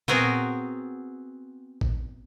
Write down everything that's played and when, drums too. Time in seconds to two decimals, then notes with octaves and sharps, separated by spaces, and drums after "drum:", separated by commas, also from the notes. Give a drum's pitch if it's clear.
0.08 B3 C4 F#4 G#4 A#4, drum: tom A#2
1.81 drum: kick A1